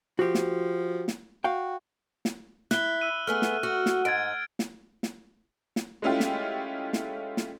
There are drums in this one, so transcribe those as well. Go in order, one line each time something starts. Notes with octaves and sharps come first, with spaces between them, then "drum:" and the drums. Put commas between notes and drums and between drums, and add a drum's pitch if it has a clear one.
F3 F#4 G4
drum: snare
drum: snare
F#4 F5 G5
drum: snare
E4 F#6 G7, drum: snare
E6 D#7
A3 B3 G#4 F6
drum: snare
F#4
drum: snare
G#2 G#6 A6 D7
drum: snare
drum: snare
drum: snare
G#3 A3 C#4 E4 F4 G4
drum: snare
drum: snare
drum: snare